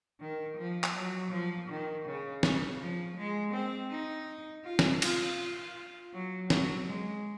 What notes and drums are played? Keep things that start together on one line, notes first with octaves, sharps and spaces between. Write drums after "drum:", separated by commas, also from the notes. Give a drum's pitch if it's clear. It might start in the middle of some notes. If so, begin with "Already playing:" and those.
D#3
F3
drum: clap
F#3
F3
D#3
C#3
C#3, drum: snare
F3
G#3
C4
D#4
F4
drum: snare
F4, drum: cymbal
F#3
F#3, drum: snare
G#3